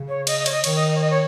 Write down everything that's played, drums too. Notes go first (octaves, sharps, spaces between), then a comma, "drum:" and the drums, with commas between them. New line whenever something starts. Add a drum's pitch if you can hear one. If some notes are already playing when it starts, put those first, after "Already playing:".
Already playing: C#3
C#5
D#5, drum: cymbal
D#5
C#5, drum: cymbal
D#5
D#3 C#5, drum: cymbal
D#5
D#5
C#5
D#5
C#5